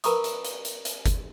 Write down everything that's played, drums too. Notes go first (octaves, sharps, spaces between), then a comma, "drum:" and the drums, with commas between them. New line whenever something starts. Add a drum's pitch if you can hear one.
A#4 B4 A#5 B5 C#6 D#6, drum: hi-hat
drum: hi-hat
drum: hi-hat
drum: hi-hat
drum: hi-hat
drum: kick F#1, hi-hat